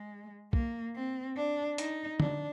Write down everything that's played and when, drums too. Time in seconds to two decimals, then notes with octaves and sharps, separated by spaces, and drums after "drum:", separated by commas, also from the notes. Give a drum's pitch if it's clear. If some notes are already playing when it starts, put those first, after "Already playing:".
Already playing: G#3
0.53 A#3, drum: kick
0.95 C4
1.37 D4
1.78 D#4, drum: hi-hat
2.20 D4, drum: tom